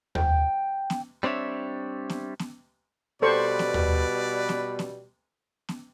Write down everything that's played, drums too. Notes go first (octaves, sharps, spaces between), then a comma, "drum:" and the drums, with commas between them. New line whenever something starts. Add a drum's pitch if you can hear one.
G5, drum: tom D#2
drum: snare B3
G3 C4 D4 C#5 E5
drum: snare B3
drum: snare B3
B2 G3 A4 B4 C5 D5 C#6
drum: snare B3
drum: tom D#2
drum: snare B3
drum: snare B3
drum: snare B3